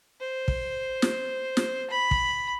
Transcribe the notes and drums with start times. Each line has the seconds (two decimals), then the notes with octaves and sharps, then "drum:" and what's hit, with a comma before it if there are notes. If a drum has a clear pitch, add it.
0.21 C5
0.48 drum: kick
1.02 drum: snare
1.57 drum: snare
1.90 B5
2.11 drum: kick